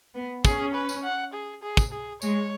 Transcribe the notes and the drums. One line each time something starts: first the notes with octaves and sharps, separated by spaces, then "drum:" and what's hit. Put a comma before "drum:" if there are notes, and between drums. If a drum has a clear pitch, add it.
B3
C#4 G#4, drum: kick, tambourine
B4
drum: tambourine
F#5
G#4
G#4
drum: kick, tambourine
G#4
G#3 C#5, drum: tambourine